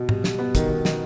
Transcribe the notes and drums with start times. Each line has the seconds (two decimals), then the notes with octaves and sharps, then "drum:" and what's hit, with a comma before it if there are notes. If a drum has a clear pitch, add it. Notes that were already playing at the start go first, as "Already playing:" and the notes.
Already playing: B2
0.09 G3, drum: tom G#2
0.24 G3, drum: snare
0.39 B3
0.55 D#3, drum: kick, hi-hat
0.69 D#3
0.85 D#3, drum: snare